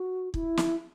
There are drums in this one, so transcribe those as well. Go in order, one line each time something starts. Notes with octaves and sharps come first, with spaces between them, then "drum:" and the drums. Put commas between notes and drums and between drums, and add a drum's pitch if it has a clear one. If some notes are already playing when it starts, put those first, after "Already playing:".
Already playing: F#4
E4, drum: kick
drum: snare